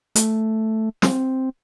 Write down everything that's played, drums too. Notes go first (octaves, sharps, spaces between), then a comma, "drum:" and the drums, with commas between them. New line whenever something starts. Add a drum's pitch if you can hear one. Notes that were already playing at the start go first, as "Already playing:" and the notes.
A3, drum: hi-hat
C4, drum: snare